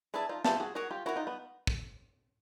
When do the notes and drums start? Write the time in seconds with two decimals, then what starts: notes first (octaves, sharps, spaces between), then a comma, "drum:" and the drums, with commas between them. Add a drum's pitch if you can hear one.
0.14 D4 E4 G#4 B4 E5 A5
0.29 D#4 F4
0.45 F4 G4 G#4 B4 E5 A5, drum: snare
0.60 F#4 G#4
0.75 F#4 G#4 A#4 C#5 F#5
0.90 F4 G4
1.06 E4 F#4 A#4 C#5 F#5
1.16 D#4 F4
1.27 B3
1.67 drum: kick